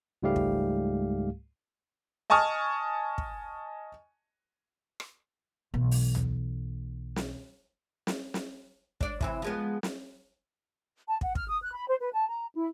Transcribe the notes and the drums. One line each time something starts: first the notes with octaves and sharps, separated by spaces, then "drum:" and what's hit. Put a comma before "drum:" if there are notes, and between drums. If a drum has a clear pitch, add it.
C#2 G#2 G3 A3 G4 F5
drum: kick
D#5 G#5 A5 C#6 D#6 F6
drum: kick
drum: rim click
B1 E3
drum: open hi-hat
drum: tom D2
drum: snare
drum: snare
drum: snare
D4 D5, drum: kick
C3 E3 C4, drum: kick
F3 G#3 B3
drum: snare
A5
F#5, drum: kick
F6, drum: kick
D#6
F#6
B5
C5
B4
A5
A#5
E4